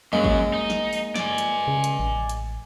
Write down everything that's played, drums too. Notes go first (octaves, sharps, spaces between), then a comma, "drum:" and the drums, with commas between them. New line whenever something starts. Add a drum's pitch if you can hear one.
F#2 F#3 G#3 A#3
drum: kick G#1
D#4
drum: snare
drum: open hi-hat
D5 G#5, drum: snare
drum: hi-hat
C#3
drum: hi-hat
A1
drum: hi-hat